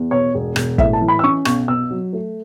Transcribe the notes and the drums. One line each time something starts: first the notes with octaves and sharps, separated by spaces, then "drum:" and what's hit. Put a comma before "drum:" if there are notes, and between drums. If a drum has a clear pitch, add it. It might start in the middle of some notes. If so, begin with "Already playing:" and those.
Already playing: E2
B2 C#5
E1
E1, drum: rim click
A2 E5, drum: kick
A5
E3
B5
E6
C#4 C#6
B1 C#6, drum: rim click
B2 E6
F#3
A3